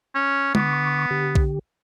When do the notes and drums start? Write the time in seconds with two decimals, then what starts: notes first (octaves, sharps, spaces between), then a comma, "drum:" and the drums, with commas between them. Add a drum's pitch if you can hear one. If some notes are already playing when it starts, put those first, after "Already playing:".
0.15 C#4
0.55 D3 B3 C#6 D6, drum: tom
1.11 D3 G4
1.35 drum: kick B1